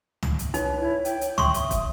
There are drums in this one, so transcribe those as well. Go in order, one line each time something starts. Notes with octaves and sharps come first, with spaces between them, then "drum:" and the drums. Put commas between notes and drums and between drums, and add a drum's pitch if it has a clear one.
drum: tom
drum: hi-hat
D#4 B4 C#5, drum: hi-hat
E4
G5, drum: hi-hat
drum: hi-hat
E5 C6 C#6 D#6, drum: tom
drum: hi-hat
drum: kick, hi-hat